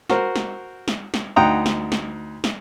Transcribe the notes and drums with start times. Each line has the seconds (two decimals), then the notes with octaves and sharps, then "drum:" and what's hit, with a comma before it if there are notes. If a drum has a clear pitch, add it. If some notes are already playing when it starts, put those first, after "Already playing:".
0.10 F#4 A#4 C5, drum: snare
0.36 drum: snare
0.88 drum: snare
1.14 drum: snare
1.36 D2 D#4 F#5 G5 A#5 D#6
1.66 drum: snare
1.92 drum: snare
2.44 drum: snare